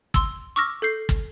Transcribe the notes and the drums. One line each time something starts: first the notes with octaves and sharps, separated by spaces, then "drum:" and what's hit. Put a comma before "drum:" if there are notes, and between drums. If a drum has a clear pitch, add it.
C6 E6, drum: kick
C#6 D6 E6 F6 A#6
A4 G6 C7
drum: kick